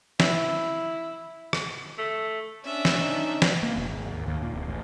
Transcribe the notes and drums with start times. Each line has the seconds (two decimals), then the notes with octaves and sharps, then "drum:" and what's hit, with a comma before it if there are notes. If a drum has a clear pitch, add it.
0.20 E4, drum: snare
1.53 drum: rim click
1.98 A3
2.65 C#4 D4 E5
2.85 drum: snare
3.00 D#4
3.42 drum: snare
3.63 A#3
3.76 E1
3.88 G#1
4.13 D#2
4.27 D#2
4.42 A#2
4.54 D1
4.68 A1